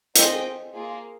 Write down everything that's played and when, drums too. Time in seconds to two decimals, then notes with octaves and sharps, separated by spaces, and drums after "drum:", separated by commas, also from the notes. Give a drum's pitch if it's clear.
0.16 C4 F4 G#4 D#5 G5, drum: hi-hat
0.73 A#3 F4 G#4